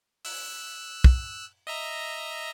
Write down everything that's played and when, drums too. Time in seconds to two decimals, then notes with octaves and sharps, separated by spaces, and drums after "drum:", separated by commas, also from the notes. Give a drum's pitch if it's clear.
0.25 E6 F#6, drum: open hi-hat
1.04 drum: kick
1.67 D#5 E5 A#5